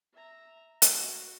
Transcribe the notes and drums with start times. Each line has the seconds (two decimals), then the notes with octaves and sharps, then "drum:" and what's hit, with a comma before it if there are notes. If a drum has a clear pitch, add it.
0.13 E5 A#5
0.82 F#4, drum: hi-hat